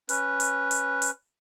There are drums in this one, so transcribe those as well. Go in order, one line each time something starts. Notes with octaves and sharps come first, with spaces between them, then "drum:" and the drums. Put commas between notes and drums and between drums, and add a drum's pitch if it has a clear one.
C#4 B4, drum: hi-hat
drum: hi-hat
drum: hi-hat
drum: hi-hat